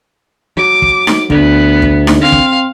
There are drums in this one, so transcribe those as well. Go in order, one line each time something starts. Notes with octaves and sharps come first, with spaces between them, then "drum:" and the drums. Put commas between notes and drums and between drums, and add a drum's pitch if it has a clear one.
F#3 D6
drum: kick
drum: snare D#4
D2 D3 B3, drum: kick
drum: kick
drum: snare D#4
C4 F5
drum: kick